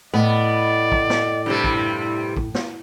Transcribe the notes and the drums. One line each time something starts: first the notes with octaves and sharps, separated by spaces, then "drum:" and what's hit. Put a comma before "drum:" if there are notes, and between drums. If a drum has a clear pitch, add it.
A2 B3 D5 D#5
drum: kick
drum: snare
G2 C3 G3 E4
drum: kick
drum: kick
drum: snare